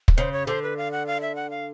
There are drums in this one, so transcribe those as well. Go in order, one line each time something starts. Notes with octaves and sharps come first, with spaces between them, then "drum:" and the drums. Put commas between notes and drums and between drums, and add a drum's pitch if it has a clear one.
drum: kick
C#3 C5
C#5
D3 C5
B4
F5
F#5
F5
E5
F#5
F5